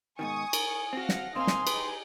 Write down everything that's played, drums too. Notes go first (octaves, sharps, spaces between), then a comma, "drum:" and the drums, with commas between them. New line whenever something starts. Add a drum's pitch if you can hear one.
G#2 B2 D#3 G#5 C#6 D#6
A#4, drum: cymbal
C4 F#4 F5 F#5 A#6
drum: snare
B2 A#3 C4 D#4 F5 G#5 C6 D#6
drum: snare
D#4 G4 G#4 B4, drum: cymbal